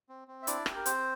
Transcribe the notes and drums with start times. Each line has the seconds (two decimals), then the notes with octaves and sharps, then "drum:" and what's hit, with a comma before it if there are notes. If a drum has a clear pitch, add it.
0.09 C4
0.28 C4
0.42 E5
0.47 D4 E4 D5, drum: hi-hat
0.66 G4, drum: rim click
0.76 A#4
0.86 C4 C5, drum: hi-hat